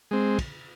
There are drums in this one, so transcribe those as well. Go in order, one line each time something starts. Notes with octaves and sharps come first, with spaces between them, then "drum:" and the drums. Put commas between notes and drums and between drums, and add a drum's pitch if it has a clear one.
G#3 C4
drum: kick, cymbal